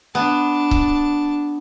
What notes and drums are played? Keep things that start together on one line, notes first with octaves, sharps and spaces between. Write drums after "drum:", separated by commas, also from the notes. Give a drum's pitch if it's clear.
B3 D4 A5
drum: kick C#1